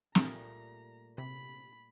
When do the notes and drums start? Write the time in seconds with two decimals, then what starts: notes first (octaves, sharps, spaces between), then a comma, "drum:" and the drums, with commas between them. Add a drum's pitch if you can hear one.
0.15 A#2 G3 A3 A#5, drum: snare
1.18 C3 B5